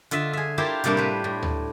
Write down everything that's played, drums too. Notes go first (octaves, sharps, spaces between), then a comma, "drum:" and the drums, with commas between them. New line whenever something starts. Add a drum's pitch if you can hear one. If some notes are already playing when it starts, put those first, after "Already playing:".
D3 F4 D#5 E5, drum: hi-hat
G#4 E5
E4 F4 G4 A#4 C5 A5
A2 C3 G3 A#3 D4, drum: hi-hat
B4 C5
A2
drum: tom